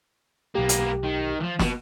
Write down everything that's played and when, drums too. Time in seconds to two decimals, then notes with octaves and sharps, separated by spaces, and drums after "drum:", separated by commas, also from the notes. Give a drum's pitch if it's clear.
0.55 B1 A#3 B3 G4
0.69 drum: hi-hat
1.04 D#3
1.41 E3 F3
1.59 B2, drum: snare